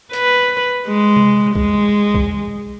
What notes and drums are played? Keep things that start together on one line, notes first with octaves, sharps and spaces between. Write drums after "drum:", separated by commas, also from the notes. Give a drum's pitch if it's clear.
B4, drum: hi-hat
G#3
drum: tom C3
G#3, drum: kick
drum: kick